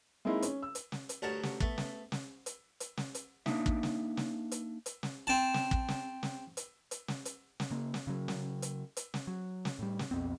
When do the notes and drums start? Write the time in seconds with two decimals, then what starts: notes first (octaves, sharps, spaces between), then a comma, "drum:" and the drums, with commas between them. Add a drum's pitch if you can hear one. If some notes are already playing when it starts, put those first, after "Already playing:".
0.25 G#3 A#3 C4 D#4 E4
0.42 C#4, drum: hi-hat
0.62 E6
0.75 drum: hi-hat
0.92 drum: snare
1.09 drum: hi-hat
1.22 D2 G2 A#4 C#5 F#5 A5
1.43 drum: snare
1.61 A3 B3, drum: kick
1.78 drum: snare
2.12 drum: snare
2.46 drum: hi-hat
2.80 drum: hi-hat
2.97 drum: snare
3.15 drum: hi-hat
3.46 A#3 D4 D#4 E5, drum: snare
3.66 drum: kick
3.83 drum: snare
4.17 drum: snare
4.52 drum: hi-hat
4.86 drum: hi-hat
5.03 drum: snare
5.27 C4 A5
5.54 drum: snare
5.71 drum: kick
5.88 drum: snare
6.23 drum: snare
6.57 drum: hi-hat
6.91 drum: hi-hat
7.08 drum: snare
7.25 drum: hi-hat
7.60 drum: snare
7.71 C#3 A#3
7.94 drum: snare
8.07 C#3 F#3
8.28 drum: snare
8.62 drum: hi-hat
8.97 drum: hi-hat
9.14 drum: snare
9.27 F#3
9.65 drum: snare
9.79 A2 G3
9.99 drum: snare
10.11 B1 F2 B3 C4